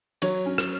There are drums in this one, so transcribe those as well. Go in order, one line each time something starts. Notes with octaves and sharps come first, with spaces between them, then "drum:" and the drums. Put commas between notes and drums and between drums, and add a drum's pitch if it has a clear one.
F#3 C#5, drum: cymbal
C#4
drum: rim click